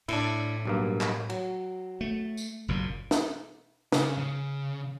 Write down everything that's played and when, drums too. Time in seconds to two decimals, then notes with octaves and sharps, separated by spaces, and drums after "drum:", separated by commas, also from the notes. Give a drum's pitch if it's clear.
0.08 A2 D4 E4, drum: cymbal
0.66 B1 G2 A#3
1.01 drum: clap
1.30 F#3, drum: cymbal
2.01 A3
2.37 drum: tambourine
2.68 F#1 F#2 A#2
3.11 drum: snare
3.92 C#3, drum: snare
4.18 C#3